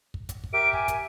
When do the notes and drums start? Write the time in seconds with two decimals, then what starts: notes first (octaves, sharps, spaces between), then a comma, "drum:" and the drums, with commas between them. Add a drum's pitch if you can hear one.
0.14 drum: kick
0.29 drum: kick, hi-hat
0.44 drum: kick
0.53 G4 A#4 E5 D7
0.73 G#5, drum: kick
0.88 drum: kick, hi-hat